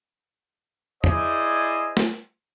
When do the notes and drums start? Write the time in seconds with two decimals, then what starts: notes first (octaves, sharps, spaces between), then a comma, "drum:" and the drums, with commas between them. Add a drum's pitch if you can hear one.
1.04 E4 G#4 C5 D5 D#5, drum: tom E2
1.97 drum: snare